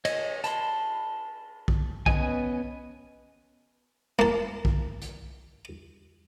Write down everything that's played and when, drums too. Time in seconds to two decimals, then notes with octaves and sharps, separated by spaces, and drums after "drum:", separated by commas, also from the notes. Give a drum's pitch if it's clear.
0.05 C#5 D#5, drum: cymbal
0.44 A5 B5 C6, drum: hi-hat
1.68 drum: kick
2.06 B3 C#4 B4 D#5 G#5, drum: kick
4.19 A#3 A5
4.65 drum: kick
5.02 drum: hi-hat